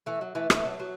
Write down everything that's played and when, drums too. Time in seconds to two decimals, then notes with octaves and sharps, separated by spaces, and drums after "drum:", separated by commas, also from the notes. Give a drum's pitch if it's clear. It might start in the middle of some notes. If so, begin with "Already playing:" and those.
0.06 E3 A3
0.21 F#3
0.35 E3 A3
0.50 E3 A3, drum: rim click
0.65 F#3
0.79 F#3